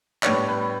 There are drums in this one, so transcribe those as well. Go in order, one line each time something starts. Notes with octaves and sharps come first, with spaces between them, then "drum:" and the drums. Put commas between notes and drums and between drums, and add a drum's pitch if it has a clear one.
A2 G3 B3 D4 C#5, drum: clap
B4